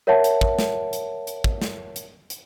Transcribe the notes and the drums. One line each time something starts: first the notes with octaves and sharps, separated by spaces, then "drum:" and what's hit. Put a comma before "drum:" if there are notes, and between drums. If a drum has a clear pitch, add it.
A#4 C#5 E5 F#5 A5
drum: hi-hat
drum: kick
drum: snare
drum: hi-hat
drum: hi-hat
drum: kick
drum: snare
drum: hi-hat
drum: hi-hat